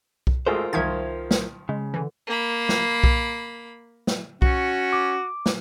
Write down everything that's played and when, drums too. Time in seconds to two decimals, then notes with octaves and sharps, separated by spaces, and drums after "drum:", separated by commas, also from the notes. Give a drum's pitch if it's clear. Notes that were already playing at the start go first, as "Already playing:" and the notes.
0.27 drum: kick B1
0.47 G#1 A3 F4 G#4 A#4 C5
0.73 C2 D#3 F3 E5 G#6
1.31 drum: snare
1.69 C#3 G#3
1.94 D3 E3
2.28 A#3 B5
2.69 drum: snare
3.04 drum: kick B1
4.07 drum: snare
4.42 C#4 F#4, drum: kick B1
4.93 D6
5.46 drum: snare